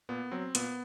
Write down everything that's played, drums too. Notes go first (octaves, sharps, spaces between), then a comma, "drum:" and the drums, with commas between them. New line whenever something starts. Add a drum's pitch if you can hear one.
A#2 B3
F#3 C4
A#2 B3, drum: hi-hat